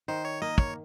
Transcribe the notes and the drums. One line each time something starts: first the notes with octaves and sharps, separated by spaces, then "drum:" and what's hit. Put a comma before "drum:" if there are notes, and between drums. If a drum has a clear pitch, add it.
D#3 C5
C#5
A#3 D#5
C#5, drum: kick